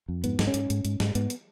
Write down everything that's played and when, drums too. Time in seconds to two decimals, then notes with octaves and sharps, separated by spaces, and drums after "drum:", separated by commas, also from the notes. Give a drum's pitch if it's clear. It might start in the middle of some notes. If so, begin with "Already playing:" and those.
0.08 F2
0.24 G#2 B3, drum: hi-hat
0.39 G#2, drum: snare
0.47 C#4
0.54 G#2, drum: hi-hat
0.70 G#2, drum: hi-hat
0.85 G#2, drum: hi-hat
1.00 G#2, drum: snare
1.15 G#2 B3, drum: hi-hat
1.30 drum: hi-hat